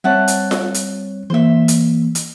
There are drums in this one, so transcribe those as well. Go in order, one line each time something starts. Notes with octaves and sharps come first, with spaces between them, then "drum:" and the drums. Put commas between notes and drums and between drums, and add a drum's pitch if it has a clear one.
G3 C4 C#5 E5 F#5 A5
drum: hi-hat
drum: snare F4
drum: hi-hat
E3 A#3 C5 E5
drum: hi-hat
drum: hi-hat